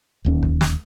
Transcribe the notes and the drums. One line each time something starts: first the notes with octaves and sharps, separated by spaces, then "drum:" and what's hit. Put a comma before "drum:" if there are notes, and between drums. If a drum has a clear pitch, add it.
D1 D#2 C#4
drum: kick
drum: snare